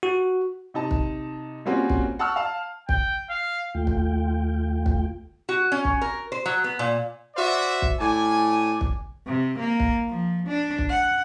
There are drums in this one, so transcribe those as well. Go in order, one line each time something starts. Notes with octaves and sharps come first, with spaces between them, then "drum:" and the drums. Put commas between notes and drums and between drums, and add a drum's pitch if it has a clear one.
F#4
C3 D#4 A5
drum: kick
G3 A#3 C4 C#4 F4 F#4
drum: kick
F#5 A5 C#6 E6 F6
F5 A5
G5, drum: kick
F5
D#2 A3 F4 G5
drum: kick
drum: kick
F#4
C#4
drum: kick
A#4
C5
F#3
B3
A#2
F#4 C5 D5 E5
drum: kick
A2 D5 G#5
drum: kick
C3
A#3
drum: kick
F3
D4
drum: kick
F#5